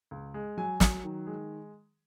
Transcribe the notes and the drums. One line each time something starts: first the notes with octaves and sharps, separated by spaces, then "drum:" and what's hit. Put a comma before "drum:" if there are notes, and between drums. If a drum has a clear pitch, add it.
C#2
G#3
F#3 G#5
F#3, drum: snare
D#3
G#3